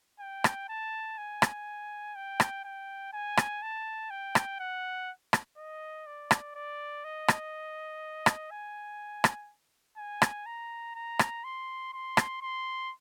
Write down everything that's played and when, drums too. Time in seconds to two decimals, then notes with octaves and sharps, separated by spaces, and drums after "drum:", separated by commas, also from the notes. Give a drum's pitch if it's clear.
0.20 G5
0.44 drum: rim click
0.69 A5
1.18 G#5
1.42 drum: rim click
2.15 G5
2.40 drum: rim click
2.64 G5
3.13 G#5
3.37 drum: rim click
3.62 A5
4.10 G5
4.35 drum: rim click
4.60 F#5
5.33 drum: rim click
5.57 D#5
6.07 D5
6.31 drum: rim click
6.55 D5
7.04 D#5
7.28 drum: rim click
8.26 drum: rim click
8.51 G#5
9.24 drum: rim click
9.97 G#5
10.22 drum: rim click
10.46 A#5
10.95 A#5
11.19 drum: rim click
11.44 C6
11.93 C6
12.17 drum: rim click
12.41 C6